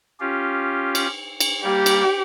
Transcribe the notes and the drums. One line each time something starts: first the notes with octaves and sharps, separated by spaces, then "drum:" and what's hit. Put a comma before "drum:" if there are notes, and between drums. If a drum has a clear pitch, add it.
C#4 F4 G4
drum: cymbal
drum: cymbal
G3 A#3 G4
drum: cymbal